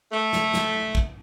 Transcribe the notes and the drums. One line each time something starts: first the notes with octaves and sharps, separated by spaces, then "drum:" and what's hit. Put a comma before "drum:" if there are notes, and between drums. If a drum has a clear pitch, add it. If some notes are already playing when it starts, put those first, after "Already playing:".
A3
drum: snare
drum: snare
drum: kick